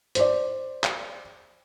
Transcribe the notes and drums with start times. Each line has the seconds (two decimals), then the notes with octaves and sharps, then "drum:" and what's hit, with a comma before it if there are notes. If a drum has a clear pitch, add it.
0.15 C5 D5, drum: hi-hat
0.84 drum: clap